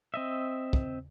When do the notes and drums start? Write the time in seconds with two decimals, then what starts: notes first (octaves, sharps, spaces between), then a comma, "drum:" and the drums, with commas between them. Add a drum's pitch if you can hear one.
0.14 C4 D#5 E5
0.73 drum: kick